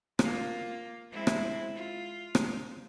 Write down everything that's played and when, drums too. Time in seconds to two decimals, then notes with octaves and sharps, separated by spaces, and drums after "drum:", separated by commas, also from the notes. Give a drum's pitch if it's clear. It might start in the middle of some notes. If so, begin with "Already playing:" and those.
0.19 A#3 F4, drum: rim click
1.11 G#3 C4 E4
1.27 drum: rim click
1.75 F4
2.35 drum: rim click